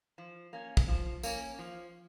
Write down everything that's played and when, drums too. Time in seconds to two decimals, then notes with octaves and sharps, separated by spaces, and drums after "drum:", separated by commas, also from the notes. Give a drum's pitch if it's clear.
0.18 F3
0.53 A#3 C#4
0.77 drum: kick
0.88 F3
1.23 A#3 C#4, drum: tambourine
1.59 F3